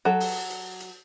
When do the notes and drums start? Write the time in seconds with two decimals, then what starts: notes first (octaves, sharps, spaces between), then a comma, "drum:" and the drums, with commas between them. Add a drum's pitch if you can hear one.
0.05 F#3 A4
0.20 drum: open hi-hat
0.50 drum: hi-hat
0.80 drum: hi-hat